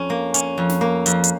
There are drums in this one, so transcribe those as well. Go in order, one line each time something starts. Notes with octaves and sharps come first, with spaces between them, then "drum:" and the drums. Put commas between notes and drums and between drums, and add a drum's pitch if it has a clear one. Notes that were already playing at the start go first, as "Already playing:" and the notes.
Already playing: F2 C#4
A#3
C#4, drum: hi-hat
F2
drum: snare
A#3
F2, drum: hi-hat
drum: hi-hat